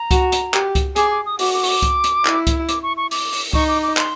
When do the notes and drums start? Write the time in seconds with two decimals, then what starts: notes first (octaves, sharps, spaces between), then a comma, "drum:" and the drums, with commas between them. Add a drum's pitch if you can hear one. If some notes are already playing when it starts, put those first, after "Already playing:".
Already playing: A#5
0.11 F#4, drum: kick C#2, hi-hat
0.32 drum: hi-hat
0.54 G4, drum: clap
0.75 drum: kick C#2, hi-hat
0.96 G#4 D6, drum: hi-hat
1.11 D6
1.26 D#6
1.39 F#4 D6, drum: open hi-hat
1.54 D6
1.63 C#6, drum: open hi-hat
1.69 D6
1.82 drum: kick C#2, hi-hat
2.04 drum: hi-hat
2.25 E4, drum: clap
2.47 drum: kick C#2, hi-hat
2.69 D6, drum: hi-hat
2.83 C#6
2.97 C#6
3.11 D6, drum: open hi-hat
3.33 drum: open hi-hat
3.53 D#4 C#6, drum: kick C#2
3.68 D6
3.83 D6
3.97 C6, drum: clap